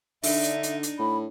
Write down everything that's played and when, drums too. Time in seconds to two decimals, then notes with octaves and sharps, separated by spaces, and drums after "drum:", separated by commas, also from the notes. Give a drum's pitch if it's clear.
0.23 D3 D4 D#4 E5, drum: open hi-hat
0.43 drum: hi-hat
0.63 drum: hi-hat
0.83 drum: hi-hat
0.99 A2 B5